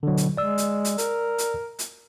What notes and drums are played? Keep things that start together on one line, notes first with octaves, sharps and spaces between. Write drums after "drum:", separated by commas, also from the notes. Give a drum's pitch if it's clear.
B2 D3 F#3
drum: hi-hat
G#3 D5 E6
drum: hi-hat
drum: hi-hat
A#4, drum: hi-hat
drum: hi-hat
drum: hi-hat